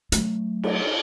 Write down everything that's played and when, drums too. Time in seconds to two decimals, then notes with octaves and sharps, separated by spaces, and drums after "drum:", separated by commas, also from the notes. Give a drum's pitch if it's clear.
0.12 F#3 A3, drum: hi-hat
0.63 drum: cymbal